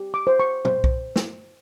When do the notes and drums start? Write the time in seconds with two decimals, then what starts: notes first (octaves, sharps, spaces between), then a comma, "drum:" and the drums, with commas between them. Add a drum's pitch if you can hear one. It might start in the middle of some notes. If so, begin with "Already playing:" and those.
Already playing: G4
0.14 D6
0.27 C5
0.40 C#6
0.65 C5, drum: tom
0.84 drum: kick B1
1.16 drum: snare